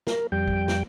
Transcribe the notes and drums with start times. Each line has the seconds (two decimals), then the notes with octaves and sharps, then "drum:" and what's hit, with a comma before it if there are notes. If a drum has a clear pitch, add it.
0.07 A#4, drum: snare
0.32 F2 G3 G5
0.48 drum: kick
0.68 drum: snare